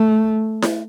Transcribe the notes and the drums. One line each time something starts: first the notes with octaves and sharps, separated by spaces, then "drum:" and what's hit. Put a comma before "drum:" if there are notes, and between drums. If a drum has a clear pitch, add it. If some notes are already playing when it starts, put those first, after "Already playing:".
Already playing: A3
drum: snare E4